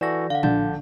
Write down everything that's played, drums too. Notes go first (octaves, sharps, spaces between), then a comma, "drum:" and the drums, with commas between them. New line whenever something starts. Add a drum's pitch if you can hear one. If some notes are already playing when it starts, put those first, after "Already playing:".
E3 F#4 A4 D5 A#6
D3 F5 F#5
A#1 D3 A5 G6, drum: tom